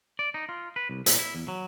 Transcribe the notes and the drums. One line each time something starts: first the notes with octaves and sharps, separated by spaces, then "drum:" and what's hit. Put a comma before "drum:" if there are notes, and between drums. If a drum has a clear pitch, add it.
D5
D#4
F4
B4
C2
A#2, drum: hi-hat
E4
E2
F#3